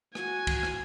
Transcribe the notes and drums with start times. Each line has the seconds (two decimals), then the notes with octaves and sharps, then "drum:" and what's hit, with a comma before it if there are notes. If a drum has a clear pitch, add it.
0.15 F#4 G#5, drum: rim click
0.47 drum: kick C2, cymbal
0.63 drum: rim click